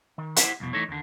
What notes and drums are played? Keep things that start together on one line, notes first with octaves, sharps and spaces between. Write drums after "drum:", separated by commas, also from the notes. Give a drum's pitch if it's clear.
D#3
E4 G4 C5 F#5, drum: hi-hat
C2 F2 B2
E3 A3 D#4 A4 C#5
D#2 D3